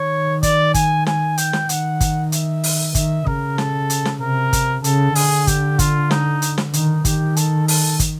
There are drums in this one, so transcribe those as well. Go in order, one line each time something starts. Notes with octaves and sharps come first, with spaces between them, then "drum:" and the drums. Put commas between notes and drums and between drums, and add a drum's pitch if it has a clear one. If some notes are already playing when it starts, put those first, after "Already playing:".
Already playing: D#3 C#5
D5, drum: kick, hi-hat
G#5, drum: kick, hi-hat
G#5, drum: snare
G5, drum: hi-hat
drum: snare
D#3 F#5, drum: hi-hat
drum: kick, hi-hat
E5, drum: hi-hat
drum: open hi-hat
D#3 E5, drum: kick, hi-hat
C#3 A#4, drum: kick
A4, drum: snare
drum: hi-hat
drum: snare
C3 A#4
drum: kick, hi-hat
C#3 A4, drum: hi-hat
D3 G#4, drum: open hi-hat
G4, drum: kick, hi-hat
F4, drum: kick, hi-hat
D#4, drum: snare
drum: hi-hat
drum: snare
D#3 D#4, drum: hi-hat
D#3 G4, drum: kick, hi-hat
A4, drum: hi-hat
A4, drum: open hi-hat
drum: kick, hi-hat